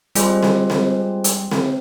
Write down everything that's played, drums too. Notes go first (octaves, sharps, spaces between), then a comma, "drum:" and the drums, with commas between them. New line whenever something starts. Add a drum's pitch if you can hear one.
G3 G#3 C4 F4 G#4 C5, drum: hi-hat
drum: snare C4
drum: snare C4
drum: hi-hat
drum: snare C4